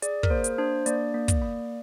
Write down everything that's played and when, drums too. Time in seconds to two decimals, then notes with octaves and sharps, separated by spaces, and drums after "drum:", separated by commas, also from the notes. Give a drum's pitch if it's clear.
0.02 G#4 D5, drum: hi-hat
0.23 A#4, drum: kick
0.30 A#3 C5
0.44 drum: hi-hat
0.58 D4 C5
0.86 A#3 D5, drum: hi-hat
1.14 A#3
1.28 drum: kick, hi-hat
1.42 A#3